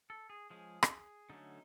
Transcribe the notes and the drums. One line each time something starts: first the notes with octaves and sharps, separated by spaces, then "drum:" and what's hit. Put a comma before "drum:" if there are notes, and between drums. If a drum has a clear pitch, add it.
A4
G#4
F3 G#3 C#4 G#4
drum: rim click
D3 F#3 A3 C#4 D#4